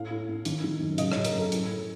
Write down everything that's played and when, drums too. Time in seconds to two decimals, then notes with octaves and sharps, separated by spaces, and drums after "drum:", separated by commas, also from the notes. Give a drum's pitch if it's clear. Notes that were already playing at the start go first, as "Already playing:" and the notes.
Already playing: A2 F5
0.11 A2
0.29 A2
0.45 D#3, drum: hi-hat
0.64 D#3
0.80 F#2
0.98 C#3 D#5, drum: hi-hat
1.12 C#5, drum: rim click
1.17 C#3
1.25 A#4, drum: hi-hat
1.34 F#2 A4
1.52 A2, drum: hi-hat
1.70 A2